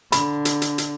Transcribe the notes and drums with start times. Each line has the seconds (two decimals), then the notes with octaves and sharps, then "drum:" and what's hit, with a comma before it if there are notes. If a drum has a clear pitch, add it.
0.12 D3 B5, drum: hi-hat
0.45 drum: hi-hat
0.62 drum: hi-hat
0.78 drum: hi-hat